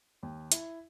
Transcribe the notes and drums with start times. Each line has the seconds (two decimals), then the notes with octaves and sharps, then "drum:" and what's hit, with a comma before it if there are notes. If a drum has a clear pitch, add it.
0.23 D#2
0.52 E4, drum: hi-hat